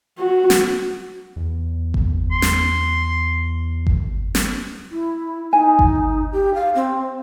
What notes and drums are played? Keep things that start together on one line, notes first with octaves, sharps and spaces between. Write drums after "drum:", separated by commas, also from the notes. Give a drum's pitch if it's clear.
F#4
drum: snare
E2
drum: kick G1
C6
drum: snare
drum: kick G1
drum: snare
E4
D#4 G#5
drum: kick G1
G4
F5
C4